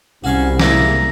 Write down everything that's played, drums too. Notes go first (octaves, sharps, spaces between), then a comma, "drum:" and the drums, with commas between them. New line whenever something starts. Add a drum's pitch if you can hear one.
C2 C#4 F#4 F5 C#6
G#3 A#3 E4 A#5, drum: snare